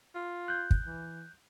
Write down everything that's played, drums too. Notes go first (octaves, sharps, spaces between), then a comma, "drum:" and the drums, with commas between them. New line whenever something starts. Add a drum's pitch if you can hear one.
F4
F#6 G6
drum: kick
E3